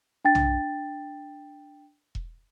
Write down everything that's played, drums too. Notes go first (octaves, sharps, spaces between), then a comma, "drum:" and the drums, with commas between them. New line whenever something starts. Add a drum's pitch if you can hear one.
D4 G5 A6
drum: tom B1
drum: kick E1